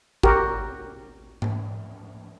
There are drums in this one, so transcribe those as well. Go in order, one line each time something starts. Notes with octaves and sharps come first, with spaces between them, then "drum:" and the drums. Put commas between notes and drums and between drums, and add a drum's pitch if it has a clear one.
F#4 G4 A#4, drum: kick G#1
drum: tom G#2